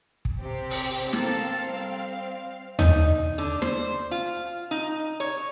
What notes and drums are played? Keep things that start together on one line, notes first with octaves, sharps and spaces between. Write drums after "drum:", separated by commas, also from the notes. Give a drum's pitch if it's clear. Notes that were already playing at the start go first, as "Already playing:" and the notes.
drum: kick
C3 C4 G4
drum: open hi-hat
C4 A4 A#4 F5, drum: snare
G3
D#4, drum: tom D#2
D3
C5, drum: snare
F4
D#4
C#5